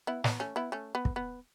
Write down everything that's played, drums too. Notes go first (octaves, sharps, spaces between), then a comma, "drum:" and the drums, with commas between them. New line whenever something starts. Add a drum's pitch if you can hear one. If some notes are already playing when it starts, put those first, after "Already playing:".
B3 E4
B3, drum: snare
A3 C#4
B3 E4
A3 C#4
B3
drum: kick
B3